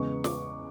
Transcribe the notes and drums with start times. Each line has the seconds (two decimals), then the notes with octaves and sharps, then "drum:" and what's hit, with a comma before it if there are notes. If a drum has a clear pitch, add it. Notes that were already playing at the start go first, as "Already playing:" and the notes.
Already playing: E2 C#3 G#3 B3 C#6
0.24 D6, drum: snare